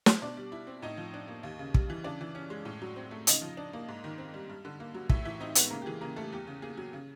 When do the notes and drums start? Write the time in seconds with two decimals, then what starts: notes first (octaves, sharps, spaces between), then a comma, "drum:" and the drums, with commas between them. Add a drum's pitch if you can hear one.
0.06 drum: snare
0.22 B2 D4 D5
0.37 G3
0.52 E4
0.67 C4
0.82 A2 D#4 D#5
0.97 F3
1.14 D4
1.28 A#3
1.43 D#2
1.59 C#3
1.74 G3, drum: kick
1.90 E3
2.04 C#3 D4 D5
2.21 E3
2.35 C#4
2.50 G#3
2.65 A2
2.82 F#3
2.96 C4
3.11 A3
3.27 C#3 D#4 D#5, drum: hi-hat
3.42 F3
3.57 D4
3.73 A#3
3.89 G#2
4.04 D#3
4.18 C4
4.34 G3
4.49 G2
4.65 D3
4.80 A#3
4.95 F#3
5.10 A2 E4 E5, drum: kick
5.25 E3 E4 E5
5.40 C4 D#4 D#5
5.55 G#3 B3 B4, drum: hi-hat
5.71 C#3 A#3 A#4
5.82 G4
5.86 E3 G#4
6.01 C#3 A#3 A#4
6.16 G3 A3 A4
6.32 E2 G4
6.47 C#3
6.62 A#3 G#4
6.77 F#3
6.93 C#3